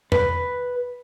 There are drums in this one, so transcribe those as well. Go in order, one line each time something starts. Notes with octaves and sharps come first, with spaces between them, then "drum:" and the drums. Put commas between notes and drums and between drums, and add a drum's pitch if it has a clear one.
B4, drum: tom E2